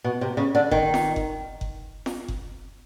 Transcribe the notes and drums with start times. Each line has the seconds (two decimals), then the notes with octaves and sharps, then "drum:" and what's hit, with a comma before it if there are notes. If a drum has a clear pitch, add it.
0.04 B2
0.21 C3
0.37 C#3
0.55 D3
0.71 D#3, drum: kick F#1
0.94 drum: snare F4
1.16 drum: kick F#1
1.61 drum: kick F#1
2.06 drum: snare F4
2.28 drum: kick F#1